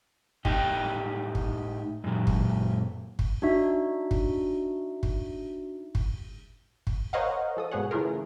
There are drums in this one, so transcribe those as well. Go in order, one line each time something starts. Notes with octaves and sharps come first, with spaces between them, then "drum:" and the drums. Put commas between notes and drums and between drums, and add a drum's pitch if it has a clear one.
A2 D#4 G4 G5, drum: kick
drum: kick
F#2 A#2 F#3
drum: kick
drum: kick
D4 D#4 F#4 E5
drum: kick
drum: kick
drum: kick
drum: kick
A#4 C5 C#5 D#5 F5 F#5
F3 A4 D#6
G#2 B2 G#4 C#5 F#5
C#3 E3 A3 F4 G#4 A#4